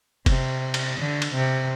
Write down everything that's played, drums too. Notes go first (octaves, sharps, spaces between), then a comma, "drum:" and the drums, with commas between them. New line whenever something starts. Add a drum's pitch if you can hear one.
C3, drum: kick, cymbal
drum: cymbal
D3
drum: cymbal
C3